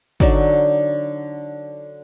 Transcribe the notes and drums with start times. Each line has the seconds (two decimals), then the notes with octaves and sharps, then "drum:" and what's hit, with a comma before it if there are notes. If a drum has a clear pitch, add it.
0.20 D3 F#3 D#4 D5, drum: kick